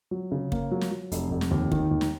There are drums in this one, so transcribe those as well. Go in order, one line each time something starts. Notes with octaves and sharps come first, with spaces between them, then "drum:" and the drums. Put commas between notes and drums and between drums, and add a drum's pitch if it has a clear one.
F#3
C#3
A#3, drum: kick
F#3
drum: snare
F#3
F1, drum: hi-hat
F1
drum: snare
D#2
D#3, drum: kick
D#2
drum: snare